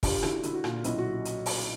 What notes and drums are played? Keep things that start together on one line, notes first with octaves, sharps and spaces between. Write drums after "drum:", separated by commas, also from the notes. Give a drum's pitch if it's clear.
D3 F4 G4, drum: kick, open hi-hat
D3 E4 F#4, drum: rim click
D3 E4, drum: hi-hat
F#4
A#2 F4, drum: rim click
B1 E4 F#4, drum: hi-hat
F#4
drum: hi-hat
drum: open hi-hat